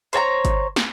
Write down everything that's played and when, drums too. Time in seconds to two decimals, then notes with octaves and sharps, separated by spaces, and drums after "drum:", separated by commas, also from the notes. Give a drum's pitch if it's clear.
0.13 C5 C#5 A5 A#5, drum: hi-hat
0.45 drum: kick G1, hi-hat
0.76 drum: snare